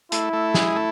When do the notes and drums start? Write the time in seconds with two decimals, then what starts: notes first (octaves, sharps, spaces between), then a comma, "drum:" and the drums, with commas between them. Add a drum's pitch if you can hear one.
0.12 A3 E4 A4, drum: hi-hat
0.33 A3 A4
0.54 G#3 G#4, drum: snare
0.76 A3 A4